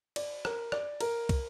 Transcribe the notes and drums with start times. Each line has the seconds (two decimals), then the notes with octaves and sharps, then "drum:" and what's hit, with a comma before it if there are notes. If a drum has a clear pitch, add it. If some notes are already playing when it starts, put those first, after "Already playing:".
0.16 D5, drum: cymbal
0.45 A#4, drum: rim click
0.72 D5, drum: rim click
1.00 A#4, drum: cymbal
1.29 drum: kick, cymbal